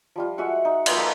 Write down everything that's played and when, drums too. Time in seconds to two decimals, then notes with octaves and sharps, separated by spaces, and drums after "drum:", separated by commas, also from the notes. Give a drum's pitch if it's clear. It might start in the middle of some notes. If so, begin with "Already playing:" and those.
0.16 F3 G3 F4
0.38 G#3 F#4 E5 F#5
0.65 D#4
0.86 F3 A#3 D#5 C6, drum: cymbal
0.98 D#4 A4 C6